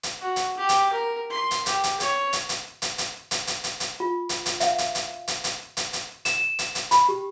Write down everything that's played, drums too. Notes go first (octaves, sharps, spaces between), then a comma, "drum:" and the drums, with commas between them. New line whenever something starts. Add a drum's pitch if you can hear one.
drum: hi-hat
F#4
drum: hi-hat
G4
drum: hi-hat
A#4
C6
drum: hi-hat
G4, drum: hi-hat
drum: hi-hat
C#5, drum: hi-hat
drum: hi-hat
drum: hi-hat
drum: hi-hat
drum: hi-hat
drum: hi-hat
drum: hi-hat
drum: hi-hat
drum: hi-hat
F4
drum: hi-hat
drum: hi-hat
E5 F5, drum: hi-hat
drum: hi-hat
drum: hi-hat
drum: hi-hat
drum: hi-hat
drum: hi-hat
drum: hi-hat
E7, drum: hi-hat
E7
drum: hi-hat
drum: hi-hat
B5, drum: hi-hat
G4